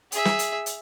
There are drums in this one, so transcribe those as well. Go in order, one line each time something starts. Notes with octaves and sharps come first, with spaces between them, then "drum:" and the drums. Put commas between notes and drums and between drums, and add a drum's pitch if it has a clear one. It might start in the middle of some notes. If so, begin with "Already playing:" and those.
G#4 E5, drum: hi-hat
drum: snare
drum: hi-hat
drum: hi-hat